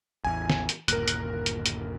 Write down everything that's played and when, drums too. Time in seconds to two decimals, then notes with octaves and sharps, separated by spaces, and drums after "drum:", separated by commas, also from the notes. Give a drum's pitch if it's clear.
0.24 A1 E2 G#5
0.50 drum: snare
0.69 drum: hi-hat
0.88 G1 D#2 A#2 A#4 F#6, drum: hi-hat
1.08 drum: hi-hat
1.46 drum: hi-hat
1.66 drum: hi-hat